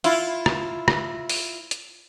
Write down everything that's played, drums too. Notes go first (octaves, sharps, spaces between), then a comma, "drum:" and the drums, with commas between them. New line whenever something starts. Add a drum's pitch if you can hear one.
E4 F4, drum: hi-hat
drum: rim click
drum: rim click
drum: open hi-hat
drum: hi-hat